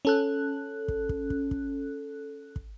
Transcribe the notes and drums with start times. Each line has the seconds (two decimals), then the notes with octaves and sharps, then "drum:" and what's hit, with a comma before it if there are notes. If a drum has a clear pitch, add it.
0.05 C#4 A4 F#6
0.88 drum: kick
1.09 drum: kick
1.30 drum: kick
1.51 drum: kick
2.56 drum: kick